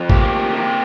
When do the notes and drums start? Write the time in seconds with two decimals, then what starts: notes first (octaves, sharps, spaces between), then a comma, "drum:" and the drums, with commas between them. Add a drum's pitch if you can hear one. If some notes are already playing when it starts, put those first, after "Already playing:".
Already playing: F2
0.10 A#3 G4, drum: kick A1
0.54 C3